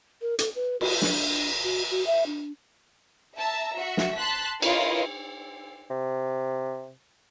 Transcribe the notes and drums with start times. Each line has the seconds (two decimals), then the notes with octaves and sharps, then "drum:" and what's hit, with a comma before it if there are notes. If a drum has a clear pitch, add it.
0.22 A#4
0.39 A4, drum: hi-hat
0.56 B4
0.81 F#4, drum: cymbal
1.02 D4, drum: snare
1.64 F#4
1.91 F#4
2.07 E5
2.26 D4
3.38 E5 A5 A#5 E6
3.77 F#4 E5
3.97 drum: snare
4.17 A5 C6 F#6 B6
4.62 E4 F4 A#4 B4 C#5 D#5, drum: cymbal
5.90 C3